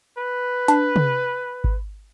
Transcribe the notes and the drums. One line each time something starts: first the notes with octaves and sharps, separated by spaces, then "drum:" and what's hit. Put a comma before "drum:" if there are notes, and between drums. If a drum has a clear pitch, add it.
B4
D4, drum: hi-hat
drum: tom
drum: kick G#1